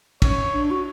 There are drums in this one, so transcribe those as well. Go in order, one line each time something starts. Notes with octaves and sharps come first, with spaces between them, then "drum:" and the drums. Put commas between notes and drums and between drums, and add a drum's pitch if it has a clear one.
C#4 C#5, drum: kick, cymbal
D4
F#4